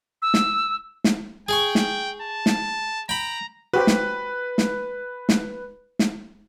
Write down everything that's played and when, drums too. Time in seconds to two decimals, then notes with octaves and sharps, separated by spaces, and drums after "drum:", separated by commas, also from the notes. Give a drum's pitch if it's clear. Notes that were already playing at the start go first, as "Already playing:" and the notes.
0.22 E6
0.34 drum: snare
1.04 drum: snare
1.49 G#4 G5 G#5 C#6
1.75 drum: snare
2.22 A5
2.46 drum: snare
3.09 G5 A#5 B5
3.73 F#4 G4 B4 C5
3.87 drum: snare
4.58 drum: snare
5.29 drum: snare
5.99 drum: snare